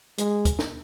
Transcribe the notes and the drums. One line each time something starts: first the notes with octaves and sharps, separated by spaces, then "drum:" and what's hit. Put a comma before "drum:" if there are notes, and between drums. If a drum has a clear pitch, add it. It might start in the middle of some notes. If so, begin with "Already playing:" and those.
G#3, drum: hi-hat
drum: kick, hi-hat
drum: snare